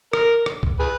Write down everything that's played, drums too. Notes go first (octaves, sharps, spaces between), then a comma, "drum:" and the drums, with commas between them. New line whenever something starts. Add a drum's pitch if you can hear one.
A#4, drum: rim click
drum: rim click
drum: kick
G#4 B4